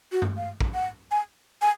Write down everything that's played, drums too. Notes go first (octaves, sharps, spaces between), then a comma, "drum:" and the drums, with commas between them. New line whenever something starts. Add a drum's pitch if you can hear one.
F#4
drum: tom
F5
drum: kick
F#5
G#5
G#5